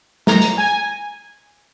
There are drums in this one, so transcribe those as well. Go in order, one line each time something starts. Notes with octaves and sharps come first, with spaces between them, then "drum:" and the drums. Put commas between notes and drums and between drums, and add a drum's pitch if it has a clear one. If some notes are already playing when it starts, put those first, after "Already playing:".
A#5, drum: snare
drum: hi-hat
G#5